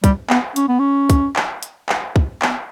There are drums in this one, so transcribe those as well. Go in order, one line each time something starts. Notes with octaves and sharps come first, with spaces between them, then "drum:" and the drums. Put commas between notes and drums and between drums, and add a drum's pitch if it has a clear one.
G3, drum: kick, hi-hat
B3, drum: clap
C#4, drum: hi-hat
B3
C#4
drum: kick, hi-hat
drum: clap
drum: hi-hat
drum: clap
drum: kick
B3, drum: clap